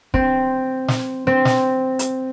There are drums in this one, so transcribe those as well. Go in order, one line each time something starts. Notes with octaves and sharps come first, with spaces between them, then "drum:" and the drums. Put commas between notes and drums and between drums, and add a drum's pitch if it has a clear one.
C4, drum: kick
drum: snare
C4
drum: snare
drum: hi-hat